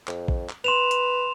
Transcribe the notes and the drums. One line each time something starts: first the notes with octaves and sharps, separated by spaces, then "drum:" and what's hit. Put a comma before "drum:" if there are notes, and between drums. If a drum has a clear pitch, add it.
F2, drum: clap
drum: kick A#1
drum: clap
B4 C6 E7 F7
drum: hi-hat